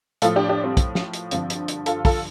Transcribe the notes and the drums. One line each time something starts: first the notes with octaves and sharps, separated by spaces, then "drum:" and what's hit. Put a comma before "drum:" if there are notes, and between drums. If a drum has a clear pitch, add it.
A2 F3 F4 A4, drum: hi-hat
D4 G4
D4 G4
G3 C4
drum: kick, hi-hat
drum: snare
drum: hi-hat
G2 D3 F3 C4 F4, drum: hi-hat
drum: hi-hat
drum: hi-hat
F4 A4, drum: hi-hat
F4 A4, drum: kick, open hi-hat